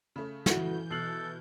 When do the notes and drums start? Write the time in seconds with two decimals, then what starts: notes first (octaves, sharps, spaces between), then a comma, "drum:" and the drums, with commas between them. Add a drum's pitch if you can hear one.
0.16 C#3 A3
0.46 E3 E4 F#4 G6, drum: snare
0.91 B2 A4 F6 F#6 C7 F#7